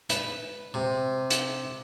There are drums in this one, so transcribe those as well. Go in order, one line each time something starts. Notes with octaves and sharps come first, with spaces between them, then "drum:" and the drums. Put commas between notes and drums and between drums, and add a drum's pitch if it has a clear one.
B4, drum: hi-hat
C3
drum: hi-hat